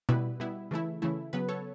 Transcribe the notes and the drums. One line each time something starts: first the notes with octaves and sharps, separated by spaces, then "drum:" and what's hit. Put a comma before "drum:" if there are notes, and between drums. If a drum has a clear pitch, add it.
B2 G3 B3 E4 B4, drum: tom B2
B2 G3 B3 E4
C#3 E3 A3 E4
C#3 E3 A3 E4
C#3 F#3 B3 B4
A4 C#5